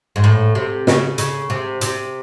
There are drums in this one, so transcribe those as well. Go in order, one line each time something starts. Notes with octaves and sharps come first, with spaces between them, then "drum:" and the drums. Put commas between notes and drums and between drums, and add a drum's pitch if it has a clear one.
G#2
A2
C3
C#3, drum: snare
C#3, drum: hi-hat
C3
C3, drum: hi-hat